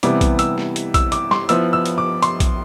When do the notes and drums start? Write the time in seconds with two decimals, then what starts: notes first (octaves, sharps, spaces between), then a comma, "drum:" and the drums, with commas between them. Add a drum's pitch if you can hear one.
0.03 C3 E3 G3 B3 E4 D6, drum: hi-hat
0.21 drum: kick, hi-hat
0.39 E6, drum: hi-hat
0.58 drum: snare
0.76 drum: hi-hat
0.94 E6, drum: kick, hi-hat
1.12 D6, drum: hi-hat
1.31 C6, drum: snare
1.49 F3 B3 E4 E6, drum: hi-hat
1.73 E6
1.86 drum: hi-hat
1.98 D6
2.22 C6, drum: hi-hat
2.40 drum: kick, hi-hat